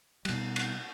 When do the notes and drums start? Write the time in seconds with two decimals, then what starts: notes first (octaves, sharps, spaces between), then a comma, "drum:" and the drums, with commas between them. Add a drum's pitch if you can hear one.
0.25 B2 G3, drum: cymbal
0.56 drum: cymbal